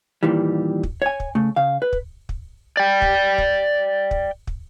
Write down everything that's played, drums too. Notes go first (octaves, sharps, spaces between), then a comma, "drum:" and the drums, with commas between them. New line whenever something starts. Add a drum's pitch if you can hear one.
D#2 A#2 D#3 E3 G3
drum: kick
C#5 G#5
drum: kick
C#3 A3
C#3 F5
B4
drum: kick
drum: kick
D5 G5
drum: kick
drum: kick
drum: kick
drum: kick